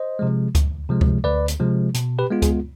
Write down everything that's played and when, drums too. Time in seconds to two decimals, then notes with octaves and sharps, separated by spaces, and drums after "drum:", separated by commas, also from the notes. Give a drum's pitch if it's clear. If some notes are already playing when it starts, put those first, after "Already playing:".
Already playing: C5 D#5
0.19 C3 F3 G#3
0.55 D2, drum: kick C#2, hi-hat
0.89 C3 F3 G#3
1.01 drum: kick C#2
1.24 D2 B4 D5
1.48 drum: hi-hat
1.60 C3 F3 G#3
1.94 B2, drum: hi-hat
2.19 G4 B4
2.30 G#3 B3 F4
2.42 G#4, drum: kick C#2, hi-hat